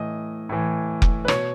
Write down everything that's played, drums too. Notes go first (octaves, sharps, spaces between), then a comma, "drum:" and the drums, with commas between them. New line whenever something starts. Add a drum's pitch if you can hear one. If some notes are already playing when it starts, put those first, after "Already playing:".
Already playing: A2 E3 D#5
A2 E3
drum: kick F1
B4
B2 C#5, drum: rim click